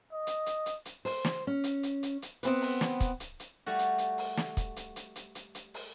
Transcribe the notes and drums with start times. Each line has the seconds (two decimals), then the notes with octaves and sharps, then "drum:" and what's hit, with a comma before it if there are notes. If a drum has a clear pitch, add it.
0.12 D#5
0.27 drum: hi-hat
0.46 drum: hi-hat
0.66 drum: hi-hat
0.85 drum: hi-hat
1.05 C5, drum: open hi-hat
1.25 drum: snare
1.47 C#4
1.64 drum: hi-hat
1.83 drum: hi-hat
2.03 drum: hi-hat
2.22 drum: hi-hat
2.43 B3 C4 B4, drum: hi-hat
2.61 drum: open hi-hat
2.81 drum: snare
3.00 drum: kick, hi-hat
3.20 drum: hi-hat
3.40 drum: hi-hat
3.66 G3 A3 F#4
3.79 drum: hi-hat
3.98 drum: hi-hat
4.18 drum: open hi-hat
4.37 drum: snare
4.57 drum: kick, hi-hat
4.76 drum: hi-hat
4.96 drum: hi-hat
5.16 drum: hi-hat
5.35 drum: hi-hat
5.55 drum: hi-hat
5.74 drum: open hi-hat